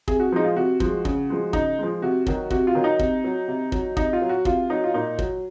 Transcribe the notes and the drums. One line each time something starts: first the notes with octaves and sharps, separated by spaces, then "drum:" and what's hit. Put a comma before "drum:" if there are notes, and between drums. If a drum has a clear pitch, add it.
C3 G#4, drum: kick
F#4
F3 G#3 D#4
F4
C3 F#4
F3 G#3, drum: kick
C#3, drum: kick
F3 G#3
C#3 D#4, drum: kick
F3 G#3
C3 F#4
D#3 F#3, drum: kick
C3 F#4, drum: kick
F4
D#3 F#3
D#4
C3, drum: kick
F#3
C3
F#3, drum: kick
C3 D#4, drum: kick
F4
F#3
F#4
C3 F4, drum: kick
F#3 D#4
F4
A#2 D#4
F#3, drum: kick